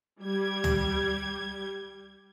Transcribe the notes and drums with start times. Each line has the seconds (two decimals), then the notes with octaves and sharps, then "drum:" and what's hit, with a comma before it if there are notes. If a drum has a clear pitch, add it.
0.23 G3 G#6
0.64 drum: tom